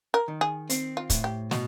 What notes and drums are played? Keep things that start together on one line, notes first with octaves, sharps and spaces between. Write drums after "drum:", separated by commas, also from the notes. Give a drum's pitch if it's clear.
A#4
D#3
G#4
C4, drum: hi-hat
F4
A2, drum: kick, hi-hat
G4
B2 F#4, drum: snare